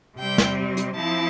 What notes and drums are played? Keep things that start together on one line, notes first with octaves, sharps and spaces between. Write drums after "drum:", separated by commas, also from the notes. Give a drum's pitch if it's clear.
C3 G3 C4 G5
drum: snare
drum: hi-hat
F3 C4 E4 A5